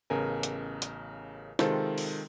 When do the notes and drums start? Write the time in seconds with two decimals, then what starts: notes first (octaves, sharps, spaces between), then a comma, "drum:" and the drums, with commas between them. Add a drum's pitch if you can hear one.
0.10 A1 C#3 B3 A#4 G#5
0.43 drum: hi-hat
0.82 drum: hi-hat
1.59 C3 D#3 G#3 C4 F4 A4, drum: snare
1.98 drum: open hi-hat